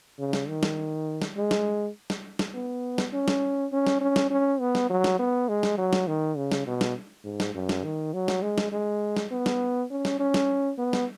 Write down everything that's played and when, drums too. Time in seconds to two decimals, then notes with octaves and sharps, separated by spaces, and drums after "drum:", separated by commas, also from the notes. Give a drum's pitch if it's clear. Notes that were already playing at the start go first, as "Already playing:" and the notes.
0.19 C#3
0.33 drum: snare
0.48 D#3
0.63 drum: snare
1.22 drum: snare
1.36 G#3
1.51 drum: snare
2.10 drum: snare
2.39 drum: snare
2.54 B3
2.98 drum: snare
3.13 C#4
3.28 drum: snare
3.72 C#4
3.87 drum: snare
4.01 C#4
4.16 drum: snare
4.31 C#4
4.60 B3
4.75 drum: snare
4.90 F#3
5.04 drum: snare
5.19 B3
5.49 G#3
5.63 drum: snare
5.78 F#3
5.93 drum: snare
6.07 D#3
6.37 C#3
6.52 drum: snare
6.67 B2
6.81 drum: snare
7.25 G#2
7.40 drum: snare
7.55 F#2
7.69 drum: snare
7.84 D#3
8.14 F#3
8.28 drum: snare
8.42 G#3
8.58 drum: snare
8.72 G#3
9.16 drum: snare
9.31 B3
9.46 drum: snare
9.91 C#4
10.05 drum: snare
10.19 C#4
10.34 drum: snare
10.78 B3
10.93 drum: snare